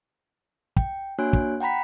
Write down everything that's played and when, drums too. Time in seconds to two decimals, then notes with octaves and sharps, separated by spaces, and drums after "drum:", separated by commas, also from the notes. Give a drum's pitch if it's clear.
0.77 G5, drum: kick
1.19 A#3 D4 F#4 C#5 G#5 F#6
1.33 drum: kick
1.61 F#5 G5 A#5 B5 B6